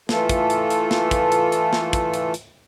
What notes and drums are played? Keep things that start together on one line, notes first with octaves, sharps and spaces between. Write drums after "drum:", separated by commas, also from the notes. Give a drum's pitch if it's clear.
E3 A3 F4 A4, drum: snare
drum: kick, hi-hat
drum: hi-hat
drum: hi-hat
drum: snare
drum: kick, hi-hat
drum: hi-hat
drum: hi-hat
drum: snare
drum: kick, hi-hat
drum: hi-hat
drum: hi-hat